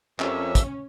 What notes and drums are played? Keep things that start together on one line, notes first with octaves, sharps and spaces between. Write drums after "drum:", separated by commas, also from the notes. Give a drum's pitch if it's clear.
F2 F3 C#4 G4 A#4 E5, drum: clap
drum: kick, hi-hat